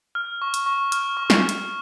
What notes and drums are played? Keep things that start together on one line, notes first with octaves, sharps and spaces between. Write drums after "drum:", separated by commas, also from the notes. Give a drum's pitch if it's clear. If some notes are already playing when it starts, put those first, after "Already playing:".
F6
C#6
drum: hi-hat
C#6
F6, drum: hi-hat
C#6
drum: snare
drum: hi-hat